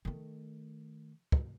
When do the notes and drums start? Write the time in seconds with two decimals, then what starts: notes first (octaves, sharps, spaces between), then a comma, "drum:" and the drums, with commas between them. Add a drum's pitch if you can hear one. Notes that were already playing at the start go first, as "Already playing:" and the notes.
0.05 D#3 A3
1.32 drum: kick